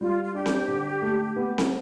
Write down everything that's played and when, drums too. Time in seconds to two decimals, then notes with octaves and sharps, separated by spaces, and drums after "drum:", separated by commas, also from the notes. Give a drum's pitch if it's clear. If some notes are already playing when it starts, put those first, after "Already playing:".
0.01 G3 F4
0.23 F4
0.34 D4 G4
0.46 drum: snare C4
0.68 D3
1.02 A3
1.36 B3
1.58 drum: snare C4